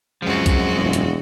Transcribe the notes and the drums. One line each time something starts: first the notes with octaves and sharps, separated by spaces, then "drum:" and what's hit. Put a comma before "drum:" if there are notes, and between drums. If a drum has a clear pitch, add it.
C#2 F#2 F3 G#3 C4 F#4
drum: kick B1, hi-hat
E1
drum: hi-hat